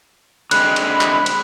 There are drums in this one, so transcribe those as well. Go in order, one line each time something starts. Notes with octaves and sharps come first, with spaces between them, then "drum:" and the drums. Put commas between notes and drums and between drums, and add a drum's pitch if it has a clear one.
D3 G#3 C4 B5 F#6, drum: cymbal
drum: cymbal
drum: clap
drum: cymbal